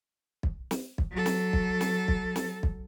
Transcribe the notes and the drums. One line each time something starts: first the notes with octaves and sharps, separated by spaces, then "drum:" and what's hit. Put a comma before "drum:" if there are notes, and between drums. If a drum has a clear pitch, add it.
drum: kick
drum: snare
drum: kick
F#3 A4
drum: snare
drum: kick
drum: snare
drum: kick
drum: snare
drum: kick